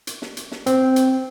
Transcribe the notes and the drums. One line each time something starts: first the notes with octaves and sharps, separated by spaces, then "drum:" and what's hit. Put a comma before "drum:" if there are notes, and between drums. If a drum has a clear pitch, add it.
drum: hi-hat
drum: snare
drum: hi-hat
drum: snare
C4, drum: hi-hat
drum: hi-hat